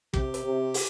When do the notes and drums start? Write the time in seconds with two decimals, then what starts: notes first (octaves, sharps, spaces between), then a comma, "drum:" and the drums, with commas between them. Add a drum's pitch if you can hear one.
0.14 C3 G4, drum: kick
0.34 drum: hi-hat
0.44 C3
0.74 drum: open hi-hat